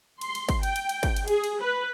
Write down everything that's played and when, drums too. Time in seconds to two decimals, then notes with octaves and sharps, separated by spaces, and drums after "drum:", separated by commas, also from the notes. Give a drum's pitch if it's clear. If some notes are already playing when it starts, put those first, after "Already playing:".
0.21 C6, drum: cymbal
0.35 drum: cymbal
0.49 drum: kick, cymbal
0.63 G5, drum: cymbal
0.76 drum: cymbal
0.89 drum: cymbal
1.03 drum: kick, cymbal
1.16 drum: cymbal
1.28 G#4, drum: cymbal
1.44 drum: cymbal
1.62 B4